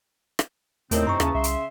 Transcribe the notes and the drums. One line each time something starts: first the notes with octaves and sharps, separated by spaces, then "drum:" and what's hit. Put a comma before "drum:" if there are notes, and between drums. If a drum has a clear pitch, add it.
drum: rim click
D#2 A2 C3 A3 C4 D#4 A#4 C#5, drum: hi-hat
F#2 A#5 C#6
D#2 C#3 E3 C#4 A5, drum: rim click
C2 E5 C6
drum: hi-hat